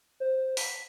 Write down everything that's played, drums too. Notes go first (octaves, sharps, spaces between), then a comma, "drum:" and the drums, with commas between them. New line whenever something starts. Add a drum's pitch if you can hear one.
C5
B6, drum: open hi-hat